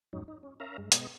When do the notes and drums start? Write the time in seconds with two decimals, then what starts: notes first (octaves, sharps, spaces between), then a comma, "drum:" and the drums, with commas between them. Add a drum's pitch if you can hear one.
0.13 F2 G#2 F#3 C#4 D#4
0.28 D#4
0.43 C#4
0.60 C#4 A#4 E5 F5 A#5
0.78 G2 G#3
0.92 B2 G#3 B3 D#5, drum: hi-hat